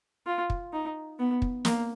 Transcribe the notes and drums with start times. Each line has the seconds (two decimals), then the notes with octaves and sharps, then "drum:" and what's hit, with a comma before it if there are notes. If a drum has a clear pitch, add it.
0.27 F4
0.50 drum: kick
0.73 D#4
1.19 B3
1.42 drum: kick
1.65 A#3, drum: snare